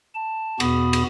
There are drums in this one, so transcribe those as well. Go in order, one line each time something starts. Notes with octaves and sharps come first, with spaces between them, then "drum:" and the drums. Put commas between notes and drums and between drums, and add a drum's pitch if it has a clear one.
A5
E2 B2 B3 F#4 B5 D#6, drum: cymbal
drum: cymbal